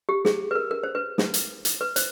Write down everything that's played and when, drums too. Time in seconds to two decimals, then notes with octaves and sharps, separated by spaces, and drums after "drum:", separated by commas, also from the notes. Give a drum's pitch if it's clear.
0.09 G4
0.25 G#4, drum: snare
0.51 B4
0.55 A#4
0.71 A#4
0.83 C5
0.95 B4
1.18 drum: snare
1.34 drum: hi-hat
1.65 drum: hi-hat
1.81 B4
1.96 C5, drum: hi-hat